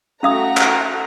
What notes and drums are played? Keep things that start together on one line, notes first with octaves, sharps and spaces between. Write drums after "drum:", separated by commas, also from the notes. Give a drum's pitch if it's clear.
A3 C#4 F#4 F5 A#5 D#6
drum: clap